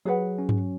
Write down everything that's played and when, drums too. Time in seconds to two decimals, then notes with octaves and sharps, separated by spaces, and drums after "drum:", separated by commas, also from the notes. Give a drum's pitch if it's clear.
0.06 F#3 G#4 B4 F#5
0.38 C#4
0.49 drum: tom G2